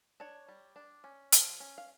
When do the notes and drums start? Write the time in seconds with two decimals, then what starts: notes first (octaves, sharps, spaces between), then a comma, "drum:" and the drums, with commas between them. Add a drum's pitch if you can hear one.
0.20 D4 C#5
0.48 G3
0.76 D4
1.04 C#4
1.32 F3, drum: hi-hat
1.60 C#4
1.78 F5